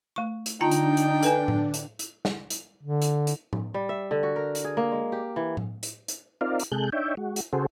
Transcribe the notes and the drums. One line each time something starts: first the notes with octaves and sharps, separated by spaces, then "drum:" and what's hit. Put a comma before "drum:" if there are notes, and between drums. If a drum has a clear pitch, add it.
A3 C#6
drum: hi-hat
D3 D4 D#4 F4 G5 A5 A#5
drum: hi-hat
drum: hi-hat
A4 B4 G#5, drum: hi-hat
drum: tom A2
drum: hi-hat
drum: hi-hat
drum: snare
drum: hi-hat
D3
drum: hi-hat
drum: hi-hat
drum: tom A2
G3
E5
D3
F#4
A#4
drum: hi-hat
G#4
A#3
G#3
G4
E3
drum: tom A2
drum: hi-hat
drum: hi-hat
C4 D#4 F4 A#4 D5 F5
drum: hi-hat
C3 G#3 G#4 A4 F#6 G6
D4 D#4 C#5 E5 G5
G#3 F#4
drum: hi-hat
C#3 F#4 G#4 A4 C5